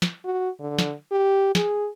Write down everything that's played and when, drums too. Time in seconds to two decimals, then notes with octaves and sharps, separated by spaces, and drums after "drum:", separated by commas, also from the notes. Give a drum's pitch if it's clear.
0.02 drum: snare
0.25 F#4
0.60 D3
0.79 drum: snare
1.11 G4
1.55 G#4, drum: snare